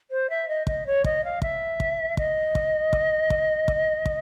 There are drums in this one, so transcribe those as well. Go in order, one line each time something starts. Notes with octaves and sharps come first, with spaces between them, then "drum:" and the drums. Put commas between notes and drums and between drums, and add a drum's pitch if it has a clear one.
C5
E5
D#5
D#5, drum: kick
C#5
D#5, drum: kick
F5
E5, drum: kick
drum: kick
D#5, drum: kick
drum: kick
drum: kick
drum: kick
drum: kick
drum: kick